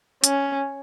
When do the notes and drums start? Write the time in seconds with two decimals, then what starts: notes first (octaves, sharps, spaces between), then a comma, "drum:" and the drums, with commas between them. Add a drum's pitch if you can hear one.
0.24 C#4, drum: hi-hat